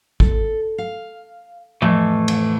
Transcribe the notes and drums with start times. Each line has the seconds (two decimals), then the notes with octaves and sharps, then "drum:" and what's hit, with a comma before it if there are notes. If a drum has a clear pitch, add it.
0.20 A4, drum: kick G#1
0.78 F5
1.82 F2 A2 E3 A3
2.28 drum: cymbal